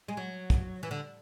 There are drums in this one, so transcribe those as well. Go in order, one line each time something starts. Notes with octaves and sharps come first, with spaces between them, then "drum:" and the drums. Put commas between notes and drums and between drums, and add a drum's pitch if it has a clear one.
G#3
F#3
drum: kick, hi-hat
E3
D3